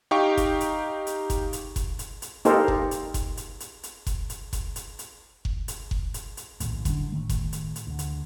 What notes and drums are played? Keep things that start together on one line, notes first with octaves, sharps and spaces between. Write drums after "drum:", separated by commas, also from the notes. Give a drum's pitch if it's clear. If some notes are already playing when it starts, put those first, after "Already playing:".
D#4 G4 F5 G5 C#6
drum: kick F#1, hi-hat
drum: hi-hat
drum: hi-hat
drum: kick F#1, hi-hat
drum: hi-hat
drum: kick F#1, hi-hat
drum: hi-hat
drum: hi-hat
A#3 D#4 G4 A4 A#4 C5, drum: hi-hat
drum: kick F#1
drum: hi-hat
drum: kick F#1, hi-hat
drum: hi-hat
drum: hi-hat
drum: hi-hat
drum: kick F#1, hi-hat
drum: hi-hat
drum: kick F#1, hi-hat
drum: hi-hat
drum: hi-hat
drum: kick F#1
drum: hi-hat
drum: kick F#1
drum: hi-hat
drum: hi-hat
A#1 D#2 A2, drum: hi-hat
D3 G3 C4 D4, drum: kick F#1, hi-hat
A2 D#3 A3
drum: kick F#1, hi-hat
drum: hi-hat
drum: hi-hat
D2 D3
drum: hi-hat